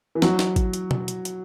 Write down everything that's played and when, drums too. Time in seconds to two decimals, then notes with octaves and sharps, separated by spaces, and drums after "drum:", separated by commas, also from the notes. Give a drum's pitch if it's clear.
0.15 E3
0.22 F#3, drum: snare
0.39 drum: snare
0.56 drum: kick G#1, hi-hat
0.73 drum: hi-hat
0.91 drum: tom B2
1.08 drum: hi-hat
1.25 drum: hi-hat